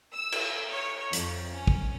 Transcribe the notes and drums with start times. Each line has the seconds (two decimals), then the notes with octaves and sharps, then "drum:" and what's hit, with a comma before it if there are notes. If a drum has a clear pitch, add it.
0.13 E6
0.32 drum: cymbal
0.70 C#5
1.13 F2, drum: hi-hat
1.55 C#4
1.67 drum: kick